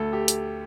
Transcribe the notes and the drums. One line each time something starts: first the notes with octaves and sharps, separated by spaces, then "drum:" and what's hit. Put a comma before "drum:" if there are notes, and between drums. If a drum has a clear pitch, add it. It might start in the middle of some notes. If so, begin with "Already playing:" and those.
Already playing: D2 A4
G4
drum: hi-hat